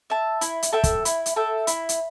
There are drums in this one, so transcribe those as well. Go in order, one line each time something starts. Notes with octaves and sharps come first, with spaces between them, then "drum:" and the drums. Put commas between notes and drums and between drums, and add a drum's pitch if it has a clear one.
E5 A5
E4, drum: hi-hat
drum: hi-hat
A4 E5 G5
drum: kick, hi-hat
E4, drum: hi-hat
drum: hi-hat
A4 E5 G5
E4, drum: hi-hat
drum: hi-hat